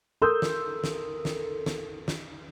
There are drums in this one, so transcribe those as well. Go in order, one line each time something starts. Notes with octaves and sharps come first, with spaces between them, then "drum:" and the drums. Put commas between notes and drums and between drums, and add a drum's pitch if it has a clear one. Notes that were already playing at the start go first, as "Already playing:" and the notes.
A4 A#4 C6 D#6 E6 G6
drum: snare
drum: snare
drum: snare
drum: snare
drum: snare